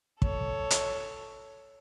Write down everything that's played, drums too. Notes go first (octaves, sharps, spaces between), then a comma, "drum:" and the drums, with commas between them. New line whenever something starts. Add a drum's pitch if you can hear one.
A4 C#5, drum: kick
drum: hi-hat